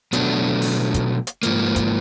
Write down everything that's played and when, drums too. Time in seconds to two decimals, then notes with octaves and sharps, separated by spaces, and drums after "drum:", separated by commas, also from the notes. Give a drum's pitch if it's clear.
0.13 B2 F#3 A3 D4, drum: hi-hat
0.62 drum: open hi-hat
0.94 drum: kick, hi-hat
1.27 drum: hi-hat
1.43 G#2 F3 A#3, drum: hi-hat
1.76 drum: kick, hi-hat